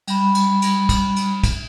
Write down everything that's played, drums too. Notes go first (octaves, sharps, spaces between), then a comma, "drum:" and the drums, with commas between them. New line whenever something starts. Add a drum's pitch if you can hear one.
G3 B5, drum: cymbal
drum: cymbal
drum: cymbal
drum: kick, cymbal
drum: cymbal
drum: kick, cymbal